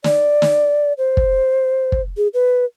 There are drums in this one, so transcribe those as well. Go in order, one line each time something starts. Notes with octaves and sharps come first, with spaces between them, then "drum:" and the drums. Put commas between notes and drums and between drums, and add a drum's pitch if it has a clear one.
D5, drum: snare
drum: snare
C5
drum: kick
drum: kick
G#4
B4